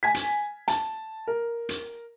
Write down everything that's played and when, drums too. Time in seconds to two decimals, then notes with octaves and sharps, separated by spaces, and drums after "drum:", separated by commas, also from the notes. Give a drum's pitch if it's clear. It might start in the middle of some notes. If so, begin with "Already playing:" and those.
0.03 G#5 G#6 B6
0.14 drum: hi-hat
0.68 A5, drum: hi-hat
1.28 A#4
1.69 drum: hi-hat